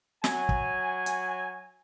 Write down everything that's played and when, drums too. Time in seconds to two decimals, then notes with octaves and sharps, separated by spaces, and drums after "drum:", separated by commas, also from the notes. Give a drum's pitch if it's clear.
0.24 F#3 G#5, drum: snare
0.49 drum: kick
1.06 drum: hi-hat